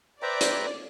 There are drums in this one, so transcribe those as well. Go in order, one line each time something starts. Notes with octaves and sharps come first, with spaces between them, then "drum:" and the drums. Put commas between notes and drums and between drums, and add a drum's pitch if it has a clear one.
B4 C5 D5 E5 G5 A#5
drum: hi-hat